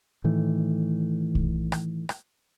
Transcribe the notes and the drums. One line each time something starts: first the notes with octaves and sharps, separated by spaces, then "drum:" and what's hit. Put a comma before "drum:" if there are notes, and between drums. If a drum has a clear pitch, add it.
A2 D#3 E3 A3
drum: kick
drum: rim click
drum: rim click